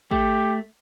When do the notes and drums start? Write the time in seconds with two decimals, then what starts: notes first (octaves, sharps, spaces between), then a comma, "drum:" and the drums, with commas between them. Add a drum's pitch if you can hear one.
0.11 A3 G4, drum: kick